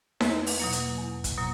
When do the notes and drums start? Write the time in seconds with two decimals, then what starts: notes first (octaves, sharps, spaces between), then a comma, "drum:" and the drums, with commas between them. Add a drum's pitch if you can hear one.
0.21 E2 B4, drum: snare D#4
0.47 drum: open hi-hat
0.60 B2 F#3 A#3
0.72 drum: hi-hat
0.98 E2
1.24 drum: kick, hi-hat
1.38 B2 F#3 A#3